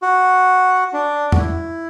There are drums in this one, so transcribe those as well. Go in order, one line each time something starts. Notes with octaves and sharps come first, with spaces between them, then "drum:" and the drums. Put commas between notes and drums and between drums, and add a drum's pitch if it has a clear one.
F#4
D4
F#4, drum: tom E2
E4